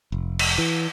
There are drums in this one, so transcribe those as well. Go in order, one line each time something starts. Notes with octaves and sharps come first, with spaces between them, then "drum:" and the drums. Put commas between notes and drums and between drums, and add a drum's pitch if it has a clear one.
F1
drum: cymbal
E3